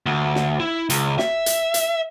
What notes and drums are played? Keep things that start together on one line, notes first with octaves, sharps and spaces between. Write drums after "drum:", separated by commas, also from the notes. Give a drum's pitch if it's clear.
D2
drum: snare
E4
C#2, drum: hi-hat
E5, drum: snare
drum: hi-hat
drum: hi-hat